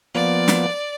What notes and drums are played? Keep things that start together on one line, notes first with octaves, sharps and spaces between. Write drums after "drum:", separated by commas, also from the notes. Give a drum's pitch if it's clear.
F3 A#3 B3 D5
drum: snare